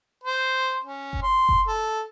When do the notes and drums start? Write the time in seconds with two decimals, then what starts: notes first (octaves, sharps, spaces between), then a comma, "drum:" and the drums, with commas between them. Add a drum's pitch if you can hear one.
0.24 C5
0.84 C#4
1.13 drum: kick F#1
1.22 C6
1.49 drum: kick F#1
1.68 A4